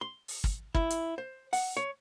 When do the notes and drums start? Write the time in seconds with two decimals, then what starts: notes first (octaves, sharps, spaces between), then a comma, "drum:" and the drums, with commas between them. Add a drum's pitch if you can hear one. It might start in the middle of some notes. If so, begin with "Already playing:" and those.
0.01 C6
0.28 drum: open hi-hat
0.44 drum: kick
0.75 E4, drum: kick
0.90 drum: hi-hat
1.18 C5
1.53 F#5, drum: open hi-hat
1.77 C#5